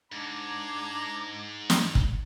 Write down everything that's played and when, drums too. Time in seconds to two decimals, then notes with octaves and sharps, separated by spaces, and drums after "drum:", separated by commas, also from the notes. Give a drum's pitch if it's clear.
0.12 G#2 D4 A#5 D6 G#6
1.70 drum: snare
1.95 drum: kick